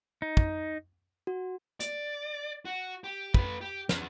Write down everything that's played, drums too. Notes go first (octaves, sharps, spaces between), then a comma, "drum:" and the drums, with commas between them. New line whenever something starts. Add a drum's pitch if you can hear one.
D#4
drum: kick
F#4
D5, drum: hi-hat
F#4
G4
A3 B4, drum: kick
G4
E2, drum: snare